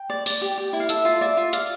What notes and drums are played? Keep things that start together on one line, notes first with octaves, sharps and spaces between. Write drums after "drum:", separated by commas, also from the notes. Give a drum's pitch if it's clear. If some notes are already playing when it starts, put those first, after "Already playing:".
Already playing: G5
D5
D5, drum: open hi-hat
G4
G4
E4
F5
A4 E5, drum: hi-hat
F4
D5 E5
F4
D5 F5, drum: hi-hat